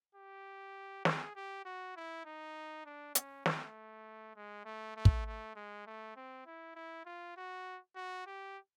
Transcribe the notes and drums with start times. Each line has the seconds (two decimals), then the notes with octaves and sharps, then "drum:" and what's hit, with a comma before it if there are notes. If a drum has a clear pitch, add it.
0.15 G4
1.05 G#4, drum: snare
1.36 G4
1.65 F#4
1.96 E4
2.25 D#4
2.86 D4
3.15 C#4, drum: hi-hat
3.46 A3, drum: snare
4.36 G#3
4.65 A3
4.96 A3
5.05 drum: kick
5.26 A3
5.55 G#3
5.86 A3
6.16 C4
6.46 E4
6.76 E4
7.06 F4
7.37 F#4
7.96 F#4
8.27 G4